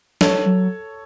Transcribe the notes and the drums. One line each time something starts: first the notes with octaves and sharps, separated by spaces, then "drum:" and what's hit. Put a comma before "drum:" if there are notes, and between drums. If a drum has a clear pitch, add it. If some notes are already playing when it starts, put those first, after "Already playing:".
A4 C#5, drum: snare
F#3